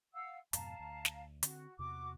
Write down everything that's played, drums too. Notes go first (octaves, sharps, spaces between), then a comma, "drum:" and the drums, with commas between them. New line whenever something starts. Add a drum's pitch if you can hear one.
F5 F#5 E6
F2 G#2 B2 F5 A5 A#5, drum: hi-hat
D2
drum: snare
D3 C4 F#4, drum: hi-hat
E2 C3 B3 F#4 D6